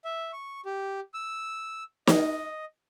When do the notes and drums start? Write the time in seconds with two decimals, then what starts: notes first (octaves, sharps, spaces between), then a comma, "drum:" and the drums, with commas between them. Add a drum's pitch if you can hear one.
0.05 E5
0.33 C#6
0.66 G4
1.14 E6
2.07 D#5, drum: snare